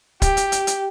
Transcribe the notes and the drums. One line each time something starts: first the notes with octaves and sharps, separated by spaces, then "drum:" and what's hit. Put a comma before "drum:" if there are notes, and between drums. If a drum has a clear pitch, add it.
G4, drum: kick, hi-hat
drum: hi-hat
drum: hi-hat
drum: hi-hat